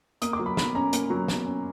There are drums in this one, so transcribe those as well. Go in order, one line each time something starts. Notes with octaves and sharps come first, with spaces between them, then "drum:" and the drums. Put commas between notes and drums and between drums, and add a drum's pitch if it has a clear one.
A#3 D#6, drum: hi-hat
D6
F#3
B5
B2 B5, drum: snare
C#4 A#5
A#3, drum: hi-hat
F#3
B2, drum: snare
C#4